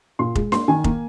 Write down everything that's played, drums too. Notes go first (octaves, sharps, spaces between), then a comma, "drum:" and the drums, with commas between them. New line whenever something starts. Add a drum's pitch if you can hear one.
A#2 C6
G#3, drum: kick F1
A#3 C6, drum: snare D4
D#3 G#5
A#3, drum: kick F1